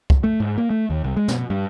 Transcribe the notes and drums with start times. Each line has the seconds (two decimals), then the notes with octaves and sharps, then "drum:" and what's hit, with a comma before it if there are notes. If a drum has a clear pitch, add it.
0.10 drum: kick
0.24 A3
0.40 G#2
0.58 A#3
0.70 A3
0.90 D#2
1.04 C2
1.17 G#3
1.28 B2, drum: snare
1.50 G2